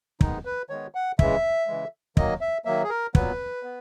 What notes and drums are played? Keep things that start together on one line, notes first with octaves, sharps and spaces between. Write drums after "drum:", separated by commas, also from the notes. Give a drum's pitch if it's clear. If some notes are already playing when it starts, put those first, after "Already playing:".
D#3 G#3 B3 D#4, drum: kick
B4
D#3 G#3 B3 C#5
F#5
C#3 E3 G#3 E5, drum: kick
C#3 E3 G#3
D#3 F#3 A#3 D#5, drum: kick
E5
D#3 F#3 A#3 E5
G#4
A#4
A#2 F#3 B3 B4, drum: kick
B3